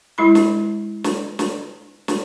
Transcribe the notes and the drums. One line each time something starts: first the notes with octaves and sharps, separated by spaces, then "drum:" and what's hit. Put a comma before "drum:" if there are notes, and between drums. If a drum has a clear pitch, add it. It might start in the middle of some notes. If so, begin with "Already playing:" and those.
G#3 E4 B5
drum: snare
drum: snare
drum: snare
drum: snare